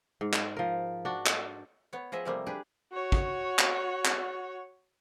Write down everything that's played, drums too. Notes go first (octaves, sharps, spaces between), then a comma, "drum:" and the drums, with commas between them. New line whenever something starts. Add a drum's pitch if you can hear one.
G#2
drum: clap
F3 A#4
D4 F#4
drum: clap
B3 C#5
F3 G#4 D#5 E5
C3 F3 G3 A3 A#3
D4 G4 G#4 B4
F#4 C#5
drum: kick
drum: clap
drum: clap